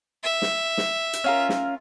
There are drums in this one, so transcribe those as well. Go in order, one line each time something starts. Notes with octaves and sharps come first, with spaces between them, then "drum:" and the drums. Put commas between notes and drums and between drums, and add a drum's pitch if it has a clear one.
E5
drum: snare
drum: snare
drum: hi-hat
C#4 F4 A#4
drum: snare